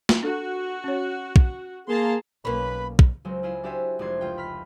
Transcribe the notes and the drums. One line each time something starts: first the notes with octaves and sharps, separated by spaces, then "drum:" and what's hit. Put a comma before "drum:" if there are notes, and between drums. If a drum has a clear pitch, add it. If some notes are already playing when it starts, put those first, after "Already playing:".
drum: snare
D4 F#4 A4
C#4 C#5
drum: kick
A#3 G#4 A5 A#5 C6
B1 A#3 C#4 B4 B5
drum: kick
C#2 F#3 G#3 C4
E4 F4 G#4 E5
D4 F#4 G4 C5 E5 G#5
F1 F2 G#3 D4 C6 G#6
C#2 F4 G5
B5 F6 B6